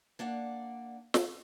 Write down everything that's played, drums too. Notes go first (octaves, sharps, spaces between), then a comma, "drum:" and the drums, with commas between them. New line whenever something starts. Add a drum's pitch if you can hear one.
A#3 D4 D5 F#5
drum: snare